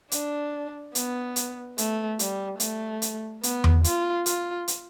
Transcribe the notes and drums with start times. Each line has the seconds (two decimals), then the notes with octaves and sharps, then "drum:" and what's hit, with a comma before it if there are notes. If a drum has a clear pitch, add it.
0.12 D4, drum: hi-hat
0.95 B3, drum: hi-hat
1.36 drum: hi-hat
1.78 A3, drum: hi-hat
2.19 G3, drum: hi-hat
2.60 A3, drum: hi-hat
3.02 drum: hi-hat
3.43 B3, drum: hi-hat
3.64 drum: tom E2
3.84 F4, drum: hi-hat
4.26 F4, drum: hi-hat
4.68 drum: hi-hat